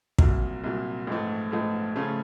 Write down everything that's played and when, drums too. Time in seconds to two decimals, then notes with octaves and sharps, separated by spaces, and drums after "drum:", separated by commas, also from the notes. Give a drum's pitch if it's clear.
0.19 C2 A#2 F#3, drum: kick
0.64 C2 A#2 F#3
1.07 A1 G#2 F3 A3
1.52 A1 G#2 F3 A3
1.96 C#3 F3 A3 C#4 F4